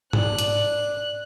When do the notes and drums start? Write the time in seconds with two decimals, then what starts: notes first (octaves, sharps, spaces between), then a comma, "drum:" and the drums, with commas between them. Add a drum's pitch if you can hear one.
0.13 D4 F#6, drum: tom G#2
0.38 drum: hi-hat